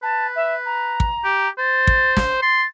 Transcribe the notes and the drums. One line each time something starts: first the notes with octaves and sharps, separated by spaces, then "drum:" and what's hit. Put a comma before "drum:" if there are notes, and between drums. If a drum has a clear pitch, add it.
B4 A5
E5
A#5
drum: kick
G4
C5 A6
drum: kick
drum: snare
C6 A6